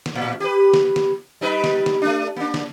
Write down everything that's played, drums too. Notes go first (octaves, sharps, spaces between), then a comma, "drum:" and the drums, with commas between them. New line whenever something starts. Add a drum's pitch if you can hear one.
drum: snare
A2
G4 B4
drum: snare
drum: snare
G3 D#4 B4
drum: snare
drum: snare
A3 D4
A#3 D4
drum: snare